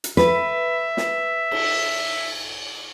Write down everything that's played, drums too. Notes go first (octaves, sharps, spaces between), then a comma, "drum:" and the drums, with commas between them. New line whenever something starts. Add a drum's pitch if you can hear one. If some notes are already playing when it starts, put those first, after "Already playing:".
drum: hi-hat
B4 E5, drum: snare
drum: snare
drum: cymbal